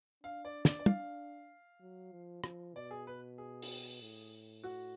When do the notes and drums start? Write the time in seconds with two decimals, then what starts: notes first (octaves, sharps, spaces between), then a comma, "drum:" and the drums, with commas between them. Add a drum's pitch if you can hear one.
0.24 D4 F5
0.45 D5
0.65 D5, drum: snare
0.79 D5
0.86 F5, drum: tom
1.81 F#3
2.12 F3
2.44 F3, drum: rim click
2.75 B2 D5
2.91 G#4
3.07 B4
3.38 G#4
3.62 drum: open hi-hat
4.01 A2
4.64 F#4